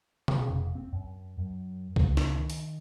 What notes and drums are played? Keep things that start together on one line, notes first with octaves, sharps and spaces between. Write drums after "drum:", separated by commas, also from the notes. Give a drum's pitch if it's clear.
drum: tom B2
F1
C4
F#2
F#2
C#2, drum: kick
drum: snare
D#3
drum: hi-hat